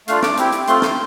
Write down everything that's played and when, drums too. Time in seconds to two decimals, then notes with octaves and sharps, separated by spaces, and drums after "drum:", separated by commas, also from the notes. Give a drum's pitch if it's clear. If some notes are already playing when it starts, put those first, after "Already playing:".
0.08 A3 D4 F4 F5, drum: hi-hat
0.23 D6, drum: snare
0.37 C4 E4 G4, drum: hi-hat
0.52 drum: hi-hat
0.67 A3 C4 F4 C6, drum: hi-hat
0.82 drum: snare